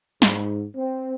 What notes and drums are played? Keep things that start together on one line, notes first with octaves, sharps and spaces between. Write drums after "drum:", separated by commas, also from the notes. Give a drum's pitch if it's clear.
G#2, drum: snare
C4